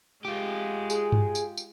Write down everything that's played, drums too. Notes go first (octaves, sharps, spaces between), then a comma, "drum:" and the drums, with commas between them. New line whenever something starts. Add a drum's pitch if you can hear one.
G#3 F4 G4
G#4, drum: tambourine
drum: tom G2
drum: tambourine
drum: tambourine